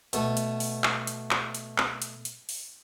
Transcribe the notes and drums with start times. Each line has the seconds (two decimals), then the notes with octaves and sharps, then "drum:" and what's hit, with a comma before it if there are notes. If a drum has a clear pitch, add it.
0.13 B2 A3, drum: hi-hat
0.37 drum: hi-hat
0.60 drum: open hi-hat
0.84 drum: clap
1.07 drum: hi-hat
1.31 drum: clap
1.55 drum: hi-hat
1.78 drum: clap
2.02 drum: hi-hat
2.25 drum: hi-hat
2.49 drum: open hi-hat